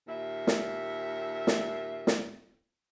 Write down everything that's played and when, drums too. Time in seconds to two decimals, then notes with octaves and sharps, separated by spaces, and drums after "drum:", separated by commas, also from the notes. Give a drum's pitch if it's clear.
0.07 D#2 A#2 E5
0.47 drum: snare
1.47 drum: snare
2.07 drum: snare